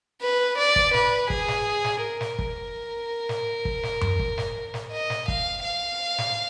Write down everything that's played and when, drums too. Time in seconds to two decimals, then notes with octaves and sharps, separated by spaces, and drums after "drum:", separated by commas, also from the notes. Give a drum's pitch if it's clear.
0.21 B4
0.58 D5
0.76 drum: kick
0.94 B4, drum: snare
1.30 G#4, drum: kick
1.48 drum: snare
1.84 drum: snare
2.02 A#4
2.21 drum: snare
2.39 drum: kick
3.29 drum: snare
3.65 drum: kick
3.83 drum: snare
4.01 drum: tom F#2
4.19 drum: kick
4.38 drum: snare
4.74 drum: snare
4.92 D#5
5.10 drum: snare
5.28 F5, drum: kick
5.64 F5
6.18 drum: snare